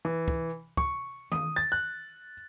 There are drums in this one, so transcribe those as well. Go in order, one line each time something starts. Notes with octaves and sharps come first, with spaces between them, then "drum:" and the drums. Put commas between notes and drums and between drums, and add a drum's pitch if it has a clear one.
E3
drum: kick
C#6, drum: kick
D#6, drum: tom D#3
A6
F#6